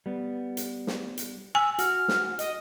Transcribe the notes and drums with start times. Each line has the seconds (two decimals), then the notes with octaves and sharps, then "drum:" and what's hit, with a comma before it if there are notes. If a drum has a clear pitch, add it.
0.06 G3 B3
0.57 drum: hi-hat
0.87 drum: snare
1.17 drum: hi-hat
1.55 G#5 E6
1.79 F#4 F6, drum: hi-hat
2.08 drum: snare
2.39 D#5, drum: hi-hat